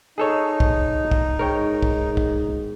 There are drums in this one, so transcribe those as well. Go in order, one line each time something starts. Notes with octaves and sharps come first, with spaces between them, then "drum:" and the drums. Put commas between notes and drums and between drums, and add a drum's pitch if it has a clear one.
D#4 G#4 A4 C#5
drum: kick
drum: kick
G#2 A#4 C#5 G5
drum: kick
drum: kick